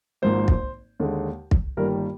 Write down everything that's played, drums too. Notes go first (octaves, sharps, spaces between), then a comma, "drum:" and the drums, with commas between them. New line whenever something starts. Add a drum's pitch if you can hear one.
G#1 G#2 F3 A#3 C5
drum: kick
D#2 D3 G#3
drum: kick
G1 G2 D#3 G3 A#3 A#4